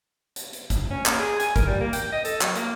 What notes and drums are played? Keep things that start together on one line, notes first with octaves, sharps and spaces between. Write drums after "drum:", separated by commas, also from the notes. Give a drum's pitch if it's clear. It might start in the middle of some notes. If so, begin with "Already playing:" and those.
drum: hi-hat
drum: hi-hat
drum: kick, hi-hat
C#4
A#3, drum: clap
G#4
G#5, drum: hi-hat
A#4, drum: kick, hi-hat
G3
A#3
G5, drum: hi-hat
D#5
A4, drum: hi-hat
F#3, drum: clap
A#3, drum: hi-hat